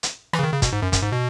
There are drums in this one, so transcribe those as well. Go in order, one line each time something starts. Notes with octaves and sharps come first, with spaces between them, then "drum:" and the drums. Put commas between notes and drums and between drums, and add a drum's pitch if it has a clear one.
drum: hi-hat
E3, drum: rim click
C#3
D#3
C#3
B2, drum: kick, hi-hat
G#2
F#2
F#2, drum: kick, hi-hat
G#2
B2